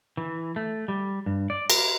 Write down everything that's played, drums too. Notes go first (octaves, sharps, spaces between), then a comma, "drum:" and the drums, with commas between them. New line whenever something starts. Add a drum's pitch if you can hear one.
E3
A3
G3
G2
D5
A#4, drum: cymbal